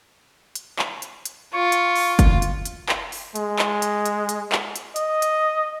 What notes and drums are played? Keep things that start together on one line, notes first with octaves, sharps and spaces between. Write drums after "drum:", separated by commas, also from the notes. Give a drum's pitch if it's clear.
drum: hi-hat
drum: clap
drum: hi-hat
drum: hi-hat
F4 C#6
drum: hi-hat
drum: open hi-hat
drum: kick, hi-hat
drum: hi-hat
drum: hi-hat
drum: clap
drum: open hi-hat
G#3, drum: hi-hat
drum: clap
drum: hi-hat
drum: hi-hat
drum: hi-hat
drum: clap
drum: hi-hat
D#5, drum: hi-hat
drum: hi-hat